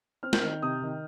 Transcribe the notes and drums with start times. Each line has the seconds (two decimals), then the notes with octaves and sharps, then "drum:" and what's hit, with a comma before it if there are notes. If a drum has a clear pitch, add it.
0.23 C4 F6
0.33 G6, drum: snare
0.41 D#3 F6
0.62 C3 D#6
0.82 D#3